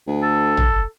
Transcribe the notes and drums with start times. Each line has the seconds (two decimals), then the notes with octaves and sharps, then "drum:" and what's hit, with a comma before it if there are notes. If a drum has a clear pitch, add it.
0.07 D2
0.22 A4
0.57 drum: tom